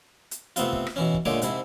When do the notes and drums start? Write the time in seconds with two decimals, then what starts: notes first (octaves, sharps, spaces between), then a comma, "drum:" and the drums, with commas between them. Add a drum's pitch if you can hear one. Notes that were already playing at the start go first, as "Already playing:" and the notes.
0.31 drum: hi-hat
0.56 C3 A3 B3 C4 F4, drum: hi-hat
0.73 drum: kick
0.87 drum: rim click
0.96 B2 E3 C#4
1.14 drum: kick
1.25 A#2 D3 G#3 A3 C#5 D6
1.42 G#2 C3 E4, drum: hi-hat